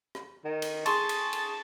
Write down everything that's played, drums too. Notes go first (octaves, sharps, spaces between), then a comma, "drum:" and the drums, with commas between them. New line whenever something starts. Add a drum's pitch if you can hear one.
drum: rim click
D#3
drum: cymbal
G#4 A5 C6 C#6, drum: cymbal
drum: cymbal
drum: cymbal